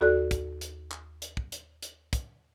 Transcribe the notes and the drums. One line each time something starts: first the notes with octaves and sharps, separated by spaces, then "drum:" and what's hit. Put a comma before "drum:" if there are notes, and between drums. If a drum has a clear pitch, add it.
D#2 F#4 A4 D5 F#6
drum: kick, hi-hat
drum: hi-hat
drum: clap
drum: hi-hat
drum: kick
drum: hi-hat
drum: hi-hat
drum: kick, hi-hat